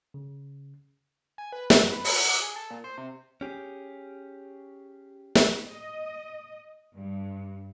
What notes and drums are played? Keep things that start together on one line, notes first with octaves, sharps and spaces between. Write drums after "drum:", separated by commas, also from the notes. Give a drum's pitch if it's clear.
C#3
G#5
B4
F#2, drum: snare
B4
B4, drum: open hi-hat
F#5
D6
G#4
A4
A#2
C5
C3
C#4 G4 G#4
drum: snare
D#5
G2